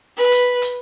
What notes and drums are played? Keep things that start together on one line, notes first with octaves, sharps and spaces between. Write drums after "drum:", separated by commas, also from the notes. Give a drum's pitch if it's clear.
B4
drum: hi-hat
drum: hi-hat